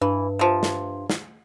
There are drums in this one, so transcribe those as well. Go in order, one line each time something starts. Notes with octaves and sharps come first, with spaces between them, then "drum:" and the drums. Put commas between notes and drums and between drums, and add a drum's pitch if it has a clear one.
G2 E3
C3 F3
drum: snare
drum: snare